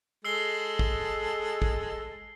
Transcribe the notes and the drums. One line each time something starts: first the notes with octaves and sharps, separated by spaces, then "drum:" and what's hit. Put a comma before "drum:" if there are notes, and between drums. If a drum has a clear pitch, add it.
G#3 A4 E6 C7 G7
drum: kick
drum: kick